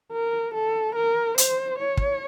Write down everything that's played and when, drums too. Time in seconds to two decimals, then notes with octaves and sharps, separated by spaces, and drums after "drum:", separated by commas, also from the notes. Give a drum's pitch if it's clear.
0.12 A#4
0.54 A4
0.95 A#4
1.38 C5, drum: hi-hat
1.78 C#5
1.97 drum: kick